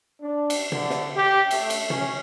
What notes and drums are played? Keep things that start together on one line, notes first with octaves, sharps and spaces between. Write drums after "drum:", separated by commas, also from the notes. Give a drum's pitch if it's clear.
D4
drum: cymbal
D3, drum: tom
drum: snare
G4
A3, drum: cymbal
drum: cymbal
C#4, drum: tom